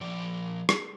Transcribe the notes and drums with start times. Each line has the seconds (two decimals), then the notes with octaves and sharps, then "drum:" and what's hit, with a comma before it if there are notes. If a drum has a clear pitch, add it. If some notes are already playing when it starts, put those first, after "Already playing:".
0.01 A#2 F3 D5
0.69 drum: rim click